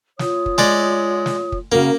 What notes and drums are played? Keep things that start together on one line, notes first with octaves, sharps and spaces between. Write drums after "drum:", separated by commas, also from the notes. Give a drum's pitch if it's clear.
F4 C#5 D#6, drum: snare
drum: kick
G#3 D5, drum: snare
drum: snare
drum: kick
C#3 A#3 F#4 A#4